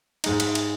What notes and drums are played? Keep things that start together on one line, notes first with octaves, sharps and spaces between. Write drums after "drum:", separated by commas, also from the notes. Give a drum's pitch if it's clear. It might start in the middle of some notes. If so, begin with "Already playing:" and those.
G#2 G#3 D#4, drum: cymbal
drum: cymbal
drum: cymbal